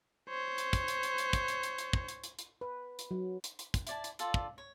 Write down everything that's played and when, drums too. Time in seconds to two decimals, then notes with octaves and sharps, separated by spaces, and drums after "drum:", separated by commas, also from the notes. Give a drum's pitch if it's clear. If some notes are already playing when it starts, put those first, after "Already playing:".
0.29 C5 C#5
0.58 drum: hi-hat
0.73 drum: kick, hi-hat
0.88 drum: hi-hat
1.03 drum: hi-hat
1.18 drum: hi-hat
1.33 drum: kick, hi-hat
1.48 drum: hi-hat
1.63 drum: hi-hat
1.78 drum: hi-hat
1.93 drum: kick
2.08 drum: hi-hat
2.24 drum: hi-hat
2.39 drum: hi-hat
2.61 B4
2.99 drum: hi-hat
3.11 F#3
3.44 drum: hi-hat
3.59 drum: hi-hat
3.74 drum: kick, hi-hat
3.87 E4 D5 A5, drum: hi-hat
4.04 drum: hi-hat
4.19 F4 A4 D5, drum: hi-hat
4.34 drum: kick
4.58 C#5